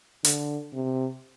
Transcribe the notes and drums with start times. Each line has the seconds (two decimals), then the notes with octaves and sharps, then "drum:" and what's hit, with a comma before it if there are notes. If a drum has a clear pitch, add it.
0.24 D3, drum: hi-hat
0.73 C3